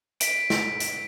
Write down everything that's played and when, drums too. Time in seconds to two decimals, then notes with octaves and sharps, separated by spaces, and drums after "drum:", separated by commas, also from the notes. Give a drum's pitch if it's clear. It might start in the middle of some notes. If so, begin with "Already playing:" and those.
0.20 B6 D7, drum: hi-hat
0.50 drum: snare
0.80 drum: hi-hat